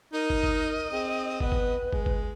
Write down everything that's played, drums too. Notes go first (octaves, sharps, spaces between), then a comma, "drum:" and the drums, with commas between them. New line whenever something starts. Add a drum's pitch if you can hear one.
D#4 A#4 D#5
drum: kick
drum: kick
C4 G#4
B3 B4, drum: kick
drum: kick
G#3, drum: kick
drum: kick